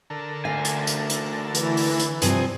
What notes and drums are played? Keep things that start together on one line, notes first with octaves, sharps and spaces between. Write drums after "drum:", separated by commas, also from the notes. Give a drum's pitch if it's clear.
D3 A4 A#4
D2 F5 G#5
drum: hi-hat
drum: hi-hat
drum: hi-hat
E3, drum: hi-hat
drum: open hi-hat
drum: hi-hat
G2 C3 F3 C5 G#5 D#6, drum: hi-hat